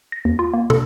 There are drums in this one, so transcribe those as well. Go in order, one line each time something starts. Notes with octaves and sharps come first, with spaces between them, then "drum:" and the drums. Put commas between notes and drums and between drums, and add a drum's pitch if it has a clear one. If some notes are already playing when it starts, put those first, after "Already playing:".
A#6
D#2
F4
A#3
A4, drum: tom